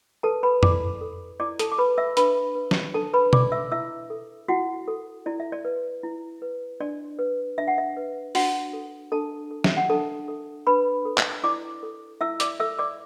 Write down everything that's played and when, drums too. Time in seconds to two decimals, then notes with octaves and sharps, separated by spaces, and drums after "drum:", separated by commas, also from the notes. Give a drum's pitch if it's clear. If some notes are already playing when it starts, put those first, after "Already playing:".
0.23 A4 B4 A5
0.43 B4 B5
0.63 E4 D5 D6, drum: tom F2
1.01 A4
1.40 E4 D5 D6
1.59 A4 A5, drum: hi-hat
1.72 D6
1.78 A4 B4 B5
1.98 E5 E6
2.17 D4 B4 B5, drum: hi-hat
2.55 B4
2.71 drum: snare
2.94 D4 A4 A5
3.14 B4 B5
3.33 B4 D5 D6, drum: tom B2
3.52 E5 E6
3.72 E4 E5 E6
4.10 A4
4.48 E4 F#4 F#5
4.88 A4
5.26 E4 D5
5.40 E5
5.52 D5
5.65 B4
6.03 E4
6.42 B4
6.80 D4 D5
7.19 B4
7.58 D4 E5
7.67 F#5
7.78 E5
7.97 B4
8.35 D4 F#4 F#5, drum: open hi-hat
8.73 A4
9.12 D4 A4 A5
9.51 A4
9.64 E5, drum: snare
9.77 F#5
9.89 D4 A4 A5
10.28 A4
10.67 D4 B4 B5
11.05 A4
11.18 drum: clap
11.44 E4 D5 D6
11.83 A4
12.21 E4 E5 E6
12.40 D5 D6, drum: hi-hat
12.60 A4 E5 E6
12.79 D5 D6